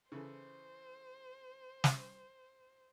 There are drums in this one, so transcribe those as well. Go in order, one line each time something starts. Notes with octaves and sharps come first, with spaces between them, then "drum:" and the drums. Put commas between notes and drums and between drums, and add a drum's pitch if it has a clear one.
C#3 E3 A4 C5
drum: snare